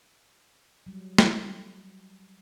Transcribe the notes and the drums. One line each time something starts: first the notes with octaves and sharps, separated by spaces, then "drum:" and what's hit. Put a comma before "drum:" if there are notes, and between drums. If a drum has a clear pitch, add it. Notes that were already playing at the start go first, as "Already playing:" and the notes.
F#3 G3
drum: snare